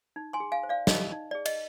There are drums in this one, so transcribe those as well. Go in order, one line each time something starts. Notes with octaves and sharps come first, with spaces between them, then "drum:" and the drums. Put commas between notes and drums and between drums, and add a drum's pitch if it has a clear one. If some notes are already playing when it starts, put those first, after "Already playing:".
D#4
G#5 C6
G#4
F5 G#5
C5
D5 F5
D#4 D#5, drum: snare
D#4
G#4 D5
D#5, drum: cymbal